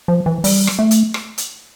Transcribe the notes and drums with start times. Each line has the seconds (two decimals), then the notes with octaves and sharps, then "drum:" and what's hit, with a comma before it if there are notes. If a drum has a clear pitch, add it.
0.08 F3
0.26 E3
0.44 G3, drum: open hi-hat
0.67 drum: rim click
0.79 A3
0.91 drum: hi-hat
1.14 drum: rim click
1.38 drum: hi-hat